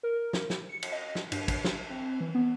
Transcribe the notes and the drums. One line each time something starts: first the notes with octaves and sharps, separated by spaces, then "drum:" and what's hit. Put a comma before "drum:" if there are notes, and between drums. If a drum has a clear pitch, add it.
A#4
drum: snare
drum: snare
C#7
drum: cymbal
D#5
drum: snare
G2, drum: cymbal
drum: kick, cymbal
drum: snare
C4
E3
B3